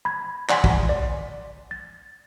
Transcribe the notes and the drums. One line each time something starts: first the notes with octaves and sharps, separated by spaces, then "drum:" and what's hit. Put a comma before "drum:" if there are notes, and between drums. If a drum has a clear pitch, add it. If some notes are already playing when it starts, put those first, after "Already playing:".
B5 G#6
D5 F#5 G#5 C6 B6, drum: clap
drum: kick
D5
A6